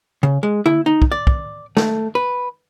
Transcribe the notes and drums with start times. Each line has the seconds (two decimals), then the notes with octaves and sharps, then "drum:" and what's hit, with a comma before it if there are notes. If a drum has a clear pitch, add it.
0.23 C#3
0.43 G#3
0.66 E4, drum: tom D3
0.86 D#4
1.02 drum: kick
1.12 D5
1.27 drum: kick
1.77 A3, drum: snare
2.15 B4